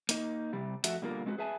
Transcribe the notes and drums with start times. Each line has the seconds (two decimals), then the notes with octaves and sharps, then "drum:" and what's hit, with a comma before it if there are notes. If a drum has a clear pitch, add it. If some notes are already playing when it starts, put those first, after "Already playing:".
0.09 A#3 D#4, drum: hi-hat
0.53 C3 G3
0.84 F2 A3 F#4 E5, drum: hi-hat
1.02 B2 D3 G3 A#3 F4 A#4
1.26 G#3 C4 F#4 B4
1.38 G#4 B4 E5 G#5 A5